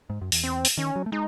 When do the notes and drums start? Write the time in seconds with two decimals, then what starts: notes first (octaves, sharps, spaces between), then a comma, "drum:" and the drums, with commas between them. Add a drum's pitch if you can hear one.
0.10 G#2
0.21 F#2
0.32 E2, drum: open hi-hat
0.44 C4
0.65 drum: open hi-hat
0.77 D#3 C#4
0.96 F#3
1.06 A3
1.12 G#3 D#4